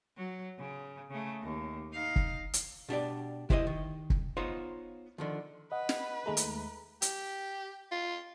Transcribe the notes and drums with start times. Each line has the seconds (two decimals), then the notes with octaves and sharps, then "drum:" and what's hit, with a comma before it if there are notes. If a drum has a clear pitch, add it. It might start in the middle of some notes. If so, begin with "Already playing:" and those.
0.17 F#3
0.58 C#3
1.10 C#3 A3
1.42 D#2
1.93 D#4 F5
2.16 drum: kick
2.54 drum: hi-hat
2.89 B2 D4 G4 D5
3.50 E4 G4 C5 D5 D#5, drum: kick
3.67 D#3
4.10 drum: kick
4.37 B3 D#4 F4 C5 C#5
5.18 D3 D#3 F3
5.72 B4 D#5 F#5
5.89 drum: snare
6.26 D#2 G#3 A3 A#5
6.37 drum: hi-hat
7.02 G4, drum: hi-hat
7.91 F4